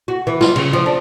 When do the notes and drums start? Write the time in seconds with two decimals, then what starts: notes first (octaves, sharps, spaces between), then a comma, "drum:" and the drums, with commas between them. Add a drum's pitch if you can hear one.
0.08 F#4
0.27 E3
0.41 F4, drum: snare
0.56 C#3, drum: cymbal
0.73 F3
0.86 D4